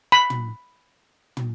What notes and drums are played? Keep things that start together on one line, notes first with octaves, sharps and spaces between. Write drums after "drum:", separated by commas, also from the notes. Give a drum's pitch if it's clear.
B5
drum: tom
drum: tom